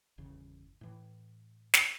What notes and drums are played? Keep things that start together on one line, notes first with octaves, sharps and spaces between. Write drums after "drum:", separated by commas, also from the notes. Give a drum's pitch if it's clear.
G1 E2 C#3
A2 E3
drum: snare